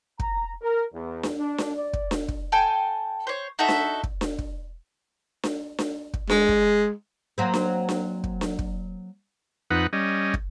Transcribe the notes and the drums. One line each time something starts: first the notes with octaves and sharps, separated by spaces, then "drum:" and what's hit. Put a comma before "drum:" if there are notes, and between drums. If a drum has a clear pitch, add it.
A#5, drum: kick
A#4
E2
drum: snare D4
D4
drum: snare D4
D5
drum: kick
drum: snare D4
drum: kick
A4 G5 G#5
C5 C#5
D#4 F#4 A4 E5
drum: snare D4
drum: kick
drum: snare D4
drum: kick
drum: snare D4
drum: snare D4
drum: kick
G#3, drum: snare D4
drum: kick
F#3 A#3 C4
drum: snare D4
drum: snare D4
drum: kick
drum: snare D4
drum: kick
F2 D#4 B4 F#5
G3 C#4 D#5
drum: kick